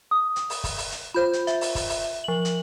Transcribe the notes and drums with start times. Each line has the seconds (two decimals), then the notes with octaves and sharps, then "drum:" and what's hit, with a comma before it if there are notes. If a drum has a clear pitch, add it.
0.11 D#6
0.36 drum: hi-hat
0.50 drum: open hi-hat
0.64 drum: kick, open hi-hat
0.78 drum: open hi-hat
0.92 drum: hi-hat
1.14 F4 C5 B5 G6
1.33 drum: hi-hat
1.47 E5, drum: hi-hat
1.61 drum: open hi-hat
1.75 drum: kick, open hi-hat
1.89 drum: open hi-hat
2.24 F3 F#7
2.45 drum: hi-hat